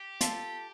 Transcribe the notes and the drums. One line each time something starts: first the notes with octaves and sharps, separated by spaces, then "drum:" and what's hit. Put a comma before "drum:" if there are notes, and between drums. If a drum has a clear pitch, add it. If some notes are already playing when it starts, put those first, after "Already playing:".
Already playing: G4
F4 A4, drum: hi-hat